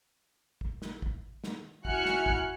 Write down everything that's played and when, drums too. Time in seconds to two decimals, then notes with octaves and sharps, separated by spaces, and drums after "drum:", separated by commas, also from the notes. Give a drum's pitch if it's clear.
0.61 drum: kick
0.82 drum: snare
1.02 drum: kick
1.44 drum: snare
1.85 E4 F#4 G#5 F6 F#6 C#7, drum: kick
2.05 drum: snare
2.26 drum: kick